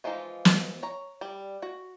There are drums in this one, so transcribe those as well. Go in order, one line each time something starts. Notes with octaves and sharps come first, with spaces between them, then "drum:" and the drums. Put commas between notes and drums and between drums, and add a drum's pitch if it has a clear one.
E3 F3 G#3 D#4 F4
drum: snare
C#5 A#5
G3
F#4